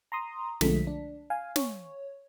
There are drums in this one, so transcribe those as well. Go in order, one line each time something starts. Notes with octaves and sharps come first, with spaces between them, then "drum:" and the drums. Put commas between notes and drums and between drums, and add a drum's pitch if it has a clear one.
A#5 C6 D#6
B1 D3 F3 G#3 A3 B6, drum: snare
D4
F5 G#5
C#5, drum: snare